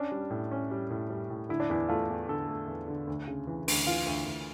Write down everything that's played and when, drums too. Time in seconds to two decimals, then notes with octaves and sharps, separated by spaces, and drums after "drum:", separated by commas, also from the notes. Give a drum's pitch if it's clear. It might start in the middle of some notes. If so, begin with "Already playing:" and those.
Already playing: C#4 D4
0.12 G3
0.30 A2
0.51 C#4
0.71 G3
0.90 A2
1.10 G3
1.30 A2
1.49 D3 E4
1.60 D4
1.70 E2 E4
1.89 A3 F4
2.09 E2
2.28 D3 A4
2.48 A3
2.68 E2
2.88 D3
3.07 D2
3.27 C#3
3.47 E3
3.68 D2, drum: open hi-hat
3.86 E3 F4
4.06 D2
4.26 D2